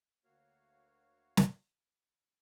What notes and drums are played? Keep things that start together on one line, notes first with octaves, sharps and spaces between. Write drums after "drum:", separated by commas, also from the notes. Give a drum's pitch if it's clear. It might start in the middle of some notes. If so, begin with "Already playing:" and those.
D2 A#3 F#4 C#5 F5
drum: snare